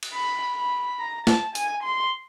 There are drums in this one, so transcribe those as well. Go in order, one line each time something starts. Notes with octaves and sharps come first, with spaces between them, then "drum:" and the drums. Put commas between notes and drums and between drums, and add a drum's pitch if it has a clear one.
drum: cymbal
B5
B5
A#5
A5, drum: snare
G#5, drum: hi-hat
C6